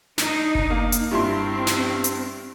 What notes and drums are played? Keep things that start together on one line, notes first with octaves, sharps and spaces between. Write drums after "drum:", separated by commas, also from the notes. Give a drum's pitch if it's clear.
D4 D#4, drum: snare
drum: kick F#1
A#3
drum: hi-hat
G2 C4 E4 C6
drum: snare
drum: hi-hat